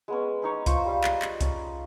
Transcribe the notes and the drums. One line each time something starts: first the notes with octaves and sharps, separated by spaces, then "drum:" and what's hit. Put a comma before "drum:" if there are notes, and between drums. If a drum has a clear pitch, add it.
G#3 B3 C#4
C#4 D#4 C#5
F4 A#4 C5 C#6, drum: kick C2, hi-hat
G3 F5
drum: clap
drum: clap
C#4, drum: kick C2, hi-hat